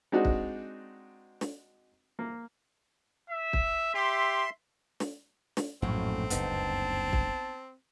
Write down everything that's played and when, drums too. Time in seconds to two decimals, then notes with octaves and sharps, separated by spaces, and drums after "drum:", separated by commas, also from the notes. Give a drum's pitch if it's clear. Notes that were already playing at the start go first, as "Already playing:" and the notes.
0.12 G#3 C4 D4 D#4 F#4
0.25 drum: kick
1.41 drum: snare
2.19 A#3
3.30 E5
3.53 drum: kick
3.94 G4 E5 C6
5.00 drum: snare
5.57 drum: snare
5.82 A#1 F#2 A2 C4
6.30 F#1 D2 G2 B3 D#4 A5, drum: hi-hat
7.13 drum: kick